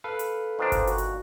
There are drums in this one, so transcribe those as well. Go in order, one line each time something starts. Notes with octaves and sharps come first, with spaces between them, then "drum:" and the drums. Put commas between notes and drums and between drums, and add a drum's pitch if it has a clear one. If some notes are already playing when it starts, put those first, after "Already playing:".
A4 B4 F5
drum: hi-hat
A#2 D#3 D4 C5
drum: kick G1, hi-hat
F#4, drum: hi-hat
drum: hi-hat